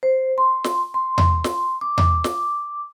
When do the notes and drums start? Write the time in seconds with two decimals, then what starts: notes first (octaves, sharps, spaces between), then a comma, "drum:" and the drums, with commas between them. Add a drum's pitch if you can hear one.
0.03 C5
0.38 C6
0.64 drum: snare
0.94 C6
1.18 drum: tom E2
1.44 drum: snare
1.81 D6
1.98 drum: tom E2
2.24 drum: snare